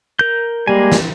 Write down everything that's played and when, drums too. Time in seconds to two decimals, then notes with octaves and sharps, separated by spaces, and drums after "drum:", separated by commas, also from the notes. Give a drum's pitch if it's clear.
0.19 A#4 G6
0.67 G3 G#3 A#3 G#5
0.92 drum: snare